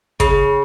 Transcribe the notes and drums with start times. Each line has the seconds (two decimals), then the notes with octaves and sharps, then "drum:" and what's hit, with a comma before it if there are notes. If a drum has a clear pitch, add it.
0.20 C#3, drum: kick, hi-hat